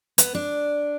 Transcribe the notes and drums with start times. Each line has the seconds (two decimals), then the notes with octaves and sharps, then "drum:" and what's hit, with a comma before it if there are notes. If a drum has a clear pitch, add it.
0.18 B3, drum: hi-hat
0.35 D4